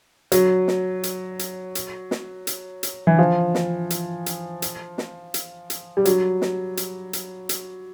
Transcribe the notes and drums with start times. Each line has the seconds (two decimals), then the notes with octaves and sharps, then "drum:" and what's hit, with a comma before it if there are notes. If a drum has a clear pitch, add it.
0.32 F#3, drum: hi-hat
0.68 drum: snare
1.03 drum: hi-hat
1.39 drum: hi-hat
1.75 drum: hi-hat
2.11 drum: snare
2.47 drum: hi-hat
2.83 drum: hi-hat
3.07 E3
3.19 F3
3.55 drum: snare
3.90 drum: hi-hat
4.26 drum: hi-hat
4.62 drum: hi-hat
4.98 drum: snare
5.34 drum: hi-hat
5.70 drum: hi-hat
5.97 G3
6.05 F#3, drum: hi-hat
6.41 drum: snare
6.77 drum: hi-hat
7.13 drum: hi-hat
7.49 drum: hi-hat